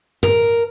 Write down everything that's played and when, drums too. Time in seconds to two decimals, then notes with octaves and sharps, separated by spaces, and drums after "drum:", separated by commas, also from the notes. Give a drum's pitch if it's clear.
0.23 A#4, drum: tom